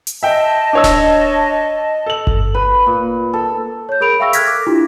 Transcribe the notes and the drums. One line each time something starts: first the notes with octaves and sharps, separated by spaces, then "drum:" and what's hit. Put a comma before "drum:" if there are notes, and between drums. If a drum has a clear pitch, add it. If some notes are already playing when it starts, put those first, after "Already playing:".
drum: hi-hat
D#5 E5 G5 A5
D4 C#5 E6
drum: snare D1
A4 F#7
drum: kick G1
B4
A#2
A4
C#5 G6
G#4 A#4 B5 D7 F7
E5 F5 G5 C#6 E6 A#6
A4 F6 F#6 G#6 A#6 B6, drum: hi-hat
D6
D4 E4 F4 G4